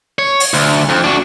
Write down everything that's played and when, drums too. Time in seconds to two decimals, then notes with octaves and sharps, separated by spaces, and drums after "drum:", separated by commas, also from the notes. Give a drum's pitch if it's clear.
0.19 C#5
0.40 drum: open hi-hat
0.54 D2
0.89 F2
1.04 D4 F#4